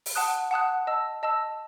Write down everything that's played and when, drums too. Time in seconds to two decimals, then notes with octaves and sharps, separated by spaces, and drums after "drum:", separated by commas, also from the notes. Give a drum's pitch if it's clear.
0.06 drum: open hi-hat
0.15 F#5 A5 D#6 F#6
0.51 F#5 A5 D#6 F#6
0.87 D#5 A5 E6
1.23 D#5 A5 E6